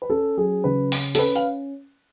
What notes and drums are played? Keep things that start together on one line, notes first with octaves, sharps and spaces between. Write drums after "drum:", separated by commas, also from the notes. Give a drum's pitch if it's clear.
B4
C#4 A4
F#3 G#4
C#3 B4
C#4, drum: open hi-hat
A4, drum: open hi-hat
C#4 B4
F5, drum: tambourine